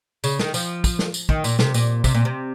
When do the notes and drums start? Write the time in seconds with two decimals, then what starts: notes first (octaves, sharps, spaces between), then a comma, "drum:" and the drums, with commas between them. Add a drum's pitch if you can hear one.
0.24 C#3, drum: tambourine
0.39 D#3, drum: snare
0.54 F3, drum: tambourine
0.84 drum: kick, tambourine
0.99 drum: snare
1.14 drum: tambourine
1.29 D#3, drum: kick
1.44 A#2, drum: tambourine
1.59 C3, drum: snare
1.74 A#2, drum: tambourine
2.04 C3, drum: kick, tambourine
2.14 A#2
2.25 C3